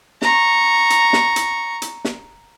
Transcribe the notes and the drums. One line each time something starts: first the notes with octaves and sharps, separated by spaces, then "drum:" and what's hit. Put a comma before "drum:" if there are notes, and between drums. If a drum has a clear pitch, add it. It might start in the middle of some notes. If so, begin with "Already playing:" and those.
A#5 C#6, drum: snare
drum: hi-hat
drum: snare
drum: hi-hat
drum: hi-hat
drum: snare